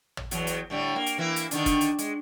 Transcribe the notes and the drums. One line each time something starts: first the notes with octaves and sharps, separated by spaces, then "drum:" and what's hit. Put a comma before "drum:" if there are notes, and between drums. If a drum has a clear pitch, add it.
drum: tom
E2 F#3, drum: hi-hat
drum: hi-hat
A2 D3 G3
A#3
drum: hi-hat
E3 A#3 E4
drum: hi-hat
D3 D#3 D4, drum: hi-hat
drum: kick, hi-hat
drum: hi-hat
G#3, drum: hi-hat